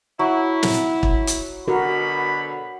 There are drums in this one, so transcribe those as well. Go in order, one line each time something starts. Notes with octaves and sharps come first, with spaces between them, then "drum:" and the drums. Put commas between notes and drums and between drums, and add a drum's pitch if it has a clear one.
F#3 E4
drum: snare
drum: kick
drum: hi-hat
B2 D3 F#4 A#4 B5